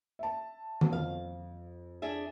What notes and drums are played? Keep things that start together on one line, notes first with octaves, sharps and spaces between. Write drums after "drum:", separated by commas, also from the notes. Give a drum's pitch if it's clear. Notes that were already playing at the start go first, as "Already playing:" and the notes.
E5 A5
drum: tom D#3
F2 F5
D4 G#4 E5